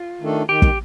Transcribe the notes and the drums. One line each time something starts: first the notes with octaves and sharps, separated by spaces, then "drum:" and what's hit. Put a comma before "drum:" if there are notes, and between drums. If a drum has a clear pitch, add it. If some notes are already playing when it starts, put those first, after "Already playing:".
Already playing: F4
D#3 A3 D4 A4
D#3 G4
drum: kick